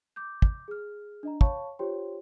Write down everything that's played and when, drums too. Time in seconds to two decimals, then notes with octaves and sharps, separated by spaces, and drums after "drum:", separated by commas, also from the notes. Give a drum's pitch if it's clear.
0.16 D6 G6
0.42 drum: kick
0.68 G#4 F6
1.23 D4 D#5 A#5
1.41 C#5 F5 A5 B5 C#6, drum: kick
1.79 F4 G4 C5 C#5 G5 C6